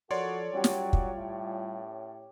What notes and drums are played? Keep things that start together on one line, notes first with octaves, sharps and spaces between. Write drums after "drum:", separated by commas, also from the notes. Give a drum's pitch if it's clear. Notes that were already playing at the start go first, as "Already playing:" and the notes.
F3 F#4 A4 A#4 C#5 D5 C6
F#3 G3 C#4 F4 G4
drum: snare
drum: kick
A2